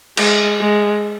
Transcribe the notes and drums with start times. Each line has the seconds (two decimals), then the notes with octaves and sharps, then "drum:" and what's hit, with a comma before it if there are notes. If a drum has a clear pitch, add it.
0.17 G#3, drum: cymbal
0.60 G#3